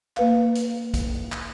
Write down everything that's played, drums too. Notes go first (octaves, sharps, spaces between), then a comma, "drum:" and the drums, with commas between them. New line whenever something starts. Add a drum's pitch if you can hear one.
A#3 B4 F5, drum: clap
drum: hi-hat
drum: kick, hi-hat
drum: clap